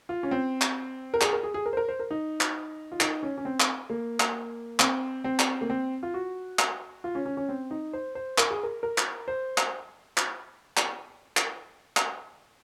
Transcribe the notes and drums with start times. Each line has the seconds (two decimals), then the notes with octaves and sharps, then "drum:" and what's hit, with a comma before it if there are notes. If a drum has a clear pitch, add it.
0.09 F4
0.23 C#4
0.31 C4
0.61 drum: clap
1.14 A#4
1.21 G#4, drum: clap
1.33 A#4
1.43 G#4
1.54 G#4
1.66 A#4
1.73 C5
1.77 A#4
1.89 C5
1.99 A#4
2.11 D#4
2.41 drum: clap
2.92 F4
3.01 D#4, drum: clap
3.23 C#4
3.38 C#4
3.45 C4
3.60 drum: clap
3.90 A#3
4.20 drum: clap
4.80 C4, drum: clap
5.24 C4
5.39 drum: clap
5.61 A#3
5.70 C4
6.03 F4
6.14 F#4
6.59 drum: clap
7.04 F4
7.15 C#4
7.26 C#4
7.37 C#4
7.49 C4
7.71 D#4
7.93 C5
8.15 C5
8.38 A#4, drum: clap
8.51 G#4
8.63 A#4
8.83 A#4
8.98 drum: clap
9.28 C5
9.58 drum: clap
10.17 drum: clap
10.77 drum: clap
11.37 drum: clap
11.97 drum: clap